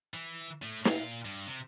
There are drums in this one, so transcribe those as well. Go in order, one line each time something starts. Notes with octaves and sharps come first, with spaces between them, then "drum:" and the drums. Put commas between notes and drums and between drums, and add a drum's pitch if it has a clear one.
E3
A2 A3
A#2 F5, drum: snare
G2
C3